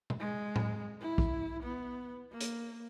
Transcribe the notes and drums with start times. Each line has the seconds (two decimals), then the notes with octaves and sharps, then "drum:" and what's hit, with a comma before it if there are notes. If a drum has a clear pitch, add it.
0.10 drum: tom B2
0.19 G#3
0.56 drum: tom A2
1.01 E4
1.18 drum: kick
1.63 B3
2.31 A#3
2.41 drum: hi-hat